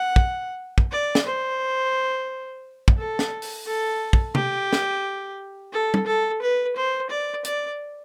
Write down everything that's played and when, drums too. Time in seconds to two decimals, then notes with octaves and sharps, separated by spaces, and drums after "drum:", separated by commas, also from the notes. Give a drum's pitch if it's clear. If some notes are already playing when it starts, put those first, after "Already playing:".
Already playing: F#5
0.16 drum: kick
0.78 drum: kick
0.91 D5
1.15 drum: snare
1.26 C5
2.88 drum: kick
2.98 A4
3.19 drum: snare
3.42 drum: open hi-hat
3.66 A4
4.13 drum: kick
4.35 G4, drum: tom C3
4.73 drum: snare
5.73 A4
5.94 drum: tom
6.06 A4
6.41 B4
6.76 C5
7.10 D5
7.45 D5, drum: hi-hat